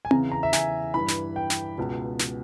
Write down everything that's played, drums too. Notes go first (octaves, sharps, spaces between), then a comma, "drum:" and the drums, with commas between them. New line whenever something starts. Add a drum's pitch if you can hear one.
G#5
E2 C#3 E3 A#5, drum: tom C4
A#5
E5
G#5, drum: snare
G2 E3 B5
drum: snare
G5
drum: snare
C#2 B2
drum: snare